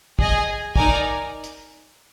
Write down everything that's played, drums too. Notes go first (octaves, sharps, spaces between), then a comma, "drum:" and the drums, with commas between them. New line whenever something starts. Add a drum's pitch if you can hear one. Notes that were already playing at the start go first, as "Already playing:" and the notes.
G#4 D#5 G#5, drum: kick
D#4 A#4 D5 G#5, drum: kick
drum: hi-hat